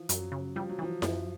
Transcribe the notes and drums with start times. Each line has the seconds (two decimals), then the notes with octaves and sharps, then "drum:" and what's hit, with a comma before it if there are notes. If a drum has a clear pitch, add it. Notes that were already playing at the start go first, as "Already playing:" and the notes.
Already playing: E3 F3
0.09 F#2 F#3, drum: hi-hat
0.32 C#3
0.56 F3 G3
0.69 F#3
0.79 E3 F3
1.02 F#2, drum: snare E4